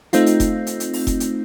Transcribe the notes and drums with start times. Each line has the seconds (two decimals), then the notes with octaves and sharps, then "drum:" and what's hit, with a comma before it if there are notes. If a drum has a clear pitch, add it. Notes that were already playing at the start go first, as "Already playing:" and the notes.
0.13 A3 C4 D#4 F4, drum: hi-hat
0.26 drum: hi-hat
0.40 drum: kick F1, hi-hat
0.67 drum: hi-hat
0.80 drum: hi-hat
0.93 drum: open hi-hat
1.07 drum: kick F1, hi-hat
1.20 drum: hi-hat